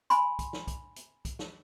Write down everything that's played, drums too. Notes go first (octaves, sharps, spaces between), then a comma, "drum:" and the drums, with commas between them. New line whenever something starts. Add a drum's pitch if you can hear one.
G#5 B5 C6, drum: hi-hat
drum: kick B1, hi-hat
drum: snare
drum: kick B1, hi-hat
drum: hi-hat
drum: kick B1, hi-hat
drum: snare